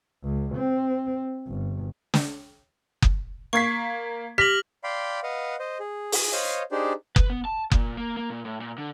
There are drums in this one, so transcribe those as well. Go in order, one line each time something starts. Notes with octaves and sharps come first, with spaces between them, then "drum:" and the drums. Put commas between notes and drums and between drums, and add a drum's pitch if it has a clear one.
C#2
C4
G1
drum: snare
drum: kick F#1
A#3 C#6 G#6 B6 C7
G4 F6 A#6 B6 F#7
D5 F5 G5 B5 C6
B4 D#5 F5 F#5
C5 D#5
G#4
drum: open hi-hat
C5 C#5 D#5 F5
D4 D#4 G4 G#4 C5 D5
B4, drum: kick F#1
B3
A5
A#2, drum: kick F#1
A#3
A#3
A#2
A2
A#2
D3